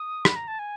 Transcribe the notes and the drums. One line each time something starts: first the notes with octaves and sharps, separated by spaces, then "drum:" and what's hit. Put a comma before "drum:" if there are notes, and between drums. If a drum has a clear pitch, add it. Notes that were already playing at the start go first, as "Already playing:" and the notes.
Already playing: D#6
B5, drum: rim click
A#5
A5
G#5